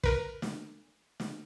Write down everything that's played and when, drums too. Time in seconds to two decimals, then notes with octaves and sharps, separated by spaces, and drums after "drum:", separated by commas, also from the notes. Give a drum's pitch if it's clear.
0.04 A#4 B4, drum: kick
0.42 drum: snare
1.20 drum: snare